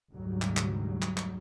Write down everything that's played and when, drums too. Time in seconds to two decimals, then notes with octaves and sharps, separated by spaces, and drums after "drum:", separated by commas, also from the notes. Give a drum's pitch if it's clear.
0.12 F1 D2 G#2 F#3 G3
0.42 drum: clap
0.57 drum: clap
1.02 drum: clap
1.17 drum: clap